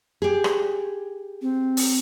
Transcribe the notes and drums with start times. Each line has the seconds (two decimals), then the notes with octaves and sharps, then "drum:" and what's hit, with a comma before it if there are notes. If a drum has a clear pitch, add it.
0.22 G4 G#4
0.44 drum: rim click
1.42 C4
1.77 drum: open hi-hat